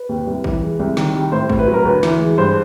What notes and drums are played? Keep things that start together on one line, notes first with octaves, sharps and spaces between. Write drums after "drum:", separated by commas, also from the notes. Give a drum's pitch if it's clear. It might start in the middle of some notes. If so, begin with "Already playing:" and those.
Already playing: B4
D#2
C2
E3, drum: kick
G#3
C2
D#3, drum: snare
G3
A2 C5
A2, drum: kick
B4
F#3
A#4
D2 B4
E3, drum: snare
G#3
G2 C5